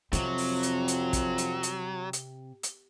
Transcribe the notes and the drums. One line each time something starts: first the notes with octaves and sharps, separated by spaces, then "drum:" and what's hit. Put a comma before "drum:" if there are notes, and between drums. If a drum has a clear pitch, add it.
F2 C3 F#3 C4, drum: hi-hat
drum: open hi-hat
drum: hi-hat
drum: hi-hat
drum: kick, hi-hat
drum: hi-hat
drum: hi-hat
drum: hi-hat
drum: hi-hat